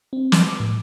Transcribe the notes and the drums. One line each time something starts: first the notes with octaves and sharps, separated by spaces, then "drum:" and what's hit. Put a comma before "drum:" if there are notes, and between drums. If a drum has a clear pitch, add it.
C4
D6, drum: snare
A2